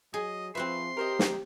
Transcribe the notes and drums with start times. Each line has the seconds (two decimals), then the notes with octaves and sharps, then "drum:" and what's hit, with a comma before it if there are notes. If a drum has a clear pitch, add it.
0.14 F#3 G#4 D#5
0.55 F3 C4 F#4 B4 E5 C6
0.97 G4 A#4 C5 D#5
1.19 drum: snare